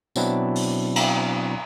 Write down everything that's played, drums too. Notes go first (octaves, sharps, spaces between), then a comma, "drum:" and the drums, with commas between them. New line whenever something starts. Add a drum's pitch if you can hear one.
B2 F#3 B3 C4 D4 E4, drum: tambourine
drum: open hi-hat
drum: cymbal